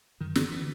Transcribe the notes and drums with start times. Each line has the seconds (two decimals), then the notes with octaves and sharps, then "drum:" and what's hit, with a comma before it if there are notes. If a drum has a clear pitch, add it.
0.20 F#2 D#3
0.35 D3 E3, drum: snare
0.52 E3